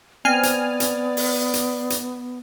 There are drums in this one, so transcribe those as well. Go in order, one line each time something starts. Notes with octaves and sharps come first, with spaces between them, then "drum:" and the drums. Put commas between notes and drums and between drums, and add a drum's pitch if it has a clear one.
B3 C4 D5 G#5 F6
drum: hi-hat
drum: hi-hat
drum: open hi-hat
drum: hi-hat
drum: hi-hat